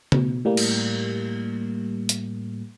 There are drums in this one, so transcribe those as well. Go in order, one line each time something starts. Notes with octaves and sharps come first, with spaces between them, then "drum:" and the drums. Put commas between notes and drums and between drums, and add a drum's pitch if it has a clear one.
B2, drum: tom C#3
A2 G3 A#3
drum: cymbal
drum: hi-hat